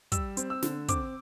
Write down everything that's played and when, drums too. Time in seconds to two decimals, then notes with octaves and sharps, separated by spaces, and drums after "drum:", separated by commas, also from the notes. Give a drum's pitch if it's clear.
0.12 G3 E6, drum: kick, hi-hat
0.37 C4, drum: hi-hat
0.50 E6
0.62 D3, drum: snare
0.88 C4 D6, drum: kick, hi-hat